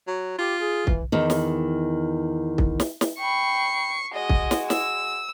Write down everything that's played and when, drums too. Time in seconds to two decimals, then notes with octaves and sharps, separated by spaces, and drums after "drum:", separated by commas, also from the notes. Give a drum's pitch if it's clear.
0.07 F#3
0.38 F4 G4
0.60 G#4
0.87 E3, drum: kick
1.12 E2 D#3
1.30 drum: snare
2.58 drum: kick
2.80 drum: snare
3.01 drum: snare
3.19 G5 B5 C#6 C7
4.14 G#3 F#4 D#5
4.29 drum: kick
4.51 drum: snare
4.70 E6, drum: snare